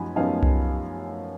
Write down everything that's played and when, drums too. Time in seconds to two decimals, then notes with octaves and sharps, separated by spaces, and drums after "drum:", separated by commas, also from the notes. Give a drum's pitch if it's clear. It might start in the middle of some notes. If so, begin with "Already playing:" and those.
Already playing: F#2 F3 D#4 F#5 G#5 B5
0.16 F#2 F3 B3 D#4 F5 G#5
0.43 drum: tom C2